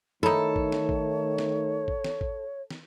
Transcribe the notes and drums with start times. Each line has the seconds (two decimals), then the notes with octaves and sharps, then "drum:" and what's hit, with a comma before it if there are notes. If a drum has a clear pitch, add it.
0.23 D#3 A3 D#4 E4 A4 C#5
0.56 drum: kick A1
0.72 drum: snare
0.89 drum: kick A1
1.38 drum: snare
1.88 drum: kick A1
2.04 drum: snare
2.21 drum: kick A1
2.71 drum: snare